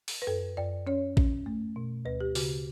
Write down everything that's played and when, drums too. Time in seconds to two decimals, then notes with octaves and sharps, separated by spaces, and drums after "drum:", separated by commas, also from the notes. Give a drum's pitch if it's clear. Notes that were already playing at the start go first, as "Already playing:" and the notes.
0.08 drum: open hi-hat
0.22 B4
0.27 F#2 A4
0.57 F#2 D5
0.87 C#4 C#5
1.17 C#4, drum: kick A1
1.46 A3
1.76 B2
2.05 D2 B4
2.21 G4
2.35 C#3 F#4, drum: open hi-hat